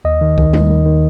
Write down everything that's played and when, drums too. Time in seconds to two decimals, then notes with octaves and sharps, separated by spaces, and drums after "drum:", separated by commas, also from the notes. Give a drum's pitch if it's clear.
0.05 D#2 D#5
0.21 D#3
0.38 D#3, drum: kick C2
0.53 D#2, drum: tom G3
0.70 D#3
0.86 D#3